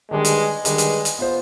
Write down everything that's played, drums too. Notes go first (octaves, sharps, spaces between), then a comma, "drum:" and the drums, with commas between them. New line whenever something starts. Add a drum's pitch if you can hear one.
D#3 G3 G#3 D4 G4 B4
drum: hi-hat
D#3 G3 G#3 D4 G4 B4, drum: hi-hat
drum: hi-hat
drum: hi-hat
B3 F4 C5